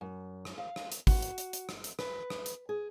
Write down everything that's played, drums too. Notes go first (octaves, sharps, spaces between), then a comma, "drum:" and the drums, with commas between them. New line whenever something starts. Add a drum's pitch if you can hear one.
F#2
drum: rim click
F5
drum: rim click
drum: hi-hat
F#4, drum: kick, open hi-hat
drum: hi-hat
drum: hi-hat
drum: hi-hat
drum: rim click
drum: hi-hat
B4, drum: rim click
drum: rim click
drum: hi-hat
G#4